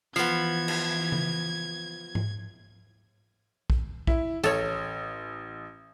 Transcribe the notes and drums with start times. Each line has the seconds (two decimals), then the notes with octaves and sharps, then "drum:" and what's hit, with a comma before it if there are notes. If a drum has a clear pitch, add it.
0.16 E3 F3 B3 G#6, drum: tambourine
0.68 drum: cymbal
1.12 drum: tom C#3
2.15 drum: tom G#2
3.70 drum: kick
4.07 E4, drum: kick
4.44 A1 A4 C#5, drum: tambourine